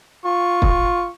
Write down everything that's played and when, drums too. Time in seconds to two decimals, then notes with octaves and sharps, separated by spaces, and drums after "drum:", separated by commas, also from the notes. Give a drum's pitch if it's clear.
0.25 F4 C#6
0.62 drum: kick